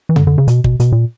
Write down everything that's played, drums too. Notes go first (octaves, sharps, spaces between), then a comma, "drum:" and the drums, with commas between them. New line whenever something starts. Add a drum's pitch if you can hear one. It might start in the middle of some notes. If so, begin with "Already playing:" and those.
E3
D3, drum: tom F2
D3
C#3
B2, drum: hi-hat
B2, drum: kick
B2, drum: hi-hat
A#2